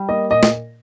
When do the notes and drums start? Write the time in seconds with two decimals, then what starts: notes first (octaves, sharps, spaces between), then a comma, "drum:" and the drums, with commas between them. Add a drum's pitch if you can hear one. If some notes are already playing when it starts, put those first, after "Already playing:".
Already playing: G3
0.09 A#3 D#5
0.31 A#2 D#5
0.43 drum: snare